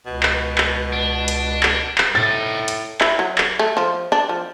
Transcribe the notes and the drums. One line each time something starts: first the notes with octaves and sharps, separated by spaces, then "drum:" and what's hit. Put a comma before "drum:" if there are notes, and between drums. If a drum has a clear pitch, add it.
C#2 B2
drum: clap
drum: clap
D4
drum: hi-hat
drum: clap
drum: clap
C2 A2 D#4 A6
drum: hi-hat
E4, drum: clap
F#3
drum: clap
A3
F3
D4
F3